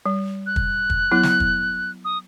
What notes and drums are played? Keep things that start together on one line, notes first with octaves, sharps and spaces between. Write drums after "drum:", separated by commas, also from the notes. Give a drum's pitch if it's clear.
G3
F#6
drum: kick
drum: kick
F#3 B3 E4
drum: snare
drum: kick
D#6